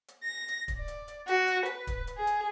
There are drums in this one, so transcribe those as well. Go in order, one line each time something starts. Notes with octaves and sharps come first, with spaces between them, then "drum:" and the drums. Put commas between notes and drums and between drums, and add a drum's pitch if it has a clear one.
drum: hi-hat
A#6
drum: hi-hat
drum: kick, hi-hat
D5
drum: hi-hat
drum: hi-hat
F#4, drum: hi-hat
drum: hi-hat
B4, drum: hi-hat
drum: kick, hi-hat
drum: hi-hat
G#4
drum: hi-hat